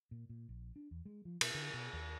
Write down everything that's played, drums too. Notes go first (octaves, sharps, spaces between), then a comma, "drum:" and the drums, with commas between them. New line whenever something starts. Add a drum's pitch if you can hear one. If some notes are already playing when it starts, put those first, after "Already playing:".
A#2
A#2
A#1
D4
E2
G#3
F3
B2, drum: cymbal
D3
B2
D#2